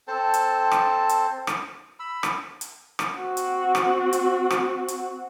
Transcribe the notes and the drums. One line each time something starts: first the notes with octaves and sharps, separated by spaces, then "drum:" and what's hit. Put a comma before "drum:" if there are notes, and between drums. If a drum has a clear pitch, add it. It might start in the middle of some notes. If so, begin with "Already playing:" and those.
C4 A4 C5 A5
drum: hi-hat
drum: rim click
drum: hi-hat
drum: rim click
B5 E6
drum: rim click
drum: hi-hat
drum: rim click
C4 F#4
drum: hi-hat
drum: rim click
drum: hi-hat
drum: rim click
drum: hi-hat